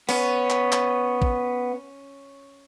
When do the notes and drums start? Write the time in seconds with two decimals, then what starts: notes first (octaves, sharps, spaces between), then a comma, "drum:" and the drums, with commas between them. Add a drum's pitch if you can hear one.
0.09 B3 C#4, drum: open hi-hat
0.50 drum: clap
0.72 drum: clap
1.22 drum: kick